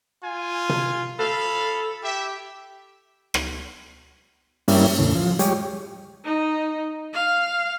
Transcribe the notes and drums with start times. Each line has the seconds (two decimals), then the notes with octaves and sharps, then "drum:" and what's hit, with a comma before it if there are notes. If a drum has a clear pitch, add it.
0.23 F4 G#5
0.69 drum: tom C3
1.19 A4 F5 B5
2.04 E4 G4 E5
3.34 drum: rim click
4.68 G2 G3 A#3 C#4 E4, drum: open hi-hat
4.99 E2 A2 C#3
5.15 F3
5.39 G3 G#3 G4 C#5, drum: hi-hat
6.25 D#4
7.14 F5